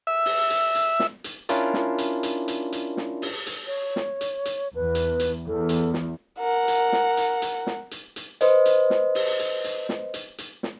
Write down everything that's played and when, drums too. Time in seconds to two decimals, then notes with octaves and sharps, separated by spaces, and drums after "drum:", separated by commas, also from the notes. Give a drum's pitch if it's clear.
0.07 E5
0.25 drum: open hi-hat
0.50 drum: hi-hat
0.75 drum: hi-hat
1.00 drum: snare
1.24 drum: hi-hat
1.49 C#4 D4 E4 F4 A#4 D5, drum: hi-hat
1.74 drum: snare
1.98 drum: hi-hat
2.23 drum: hi-hat
2.48 drum: hi-hat
2.73 drum: hi-hat
2.97 drum: snare
3.22 drum: open hi-hat
3.47 drum: hi-hat
3.67 C#5
3.96 drum: snare
4.21 drum: hi-hat
4.45 drum: hi-hat
4.75 E2 B4
4.95 drum: hi-hat
5.20 drum: hi-hat
5.47 E2 A4
5.69 drum: hi-hat
5.94 drum: snare
6.40 A#4 F#5
6.68 drum: hi-hat
6.93 drum: snare
7.17 drum: hi-hat
7.42 drum: hi-hat
7.67 drum: snare
7.91 drum: hi-hat
8.16 drum: hi-hat
8.41 B4 C5 D#5, drum: hi-hat
8.66 drum: hi-hat
8.90 drum: snare
9.15 drum: open hi-hat
9.40 drum: hi-hat
9.64 drum: hi-hat
9.89 drum: snare
10.14 drum: hi-hat
10.38 drum: hi-hat
10.63 drum: snare